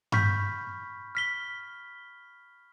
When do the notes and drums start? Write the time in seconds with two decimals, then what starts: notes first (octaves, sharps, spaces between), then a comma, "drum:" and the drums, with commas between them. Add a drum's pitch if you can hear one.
0.12 B5 C#6 F6 G6 B6, drum: tom G2
1.15 F6 B6 G7